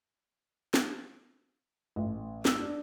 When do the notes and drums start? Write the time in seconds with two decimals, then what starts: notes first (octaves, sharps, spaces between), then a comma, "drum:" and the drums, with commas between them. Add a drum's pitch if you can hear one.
0.74 drum: snare
1.96 A1
2.45 E6, drum: snare
2.59 D4